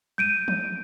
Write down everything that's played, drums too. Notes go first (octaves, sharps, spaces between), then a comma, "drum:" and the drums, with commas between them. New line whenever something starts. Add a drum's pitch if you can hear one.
G6 D7 D#7
drum: tom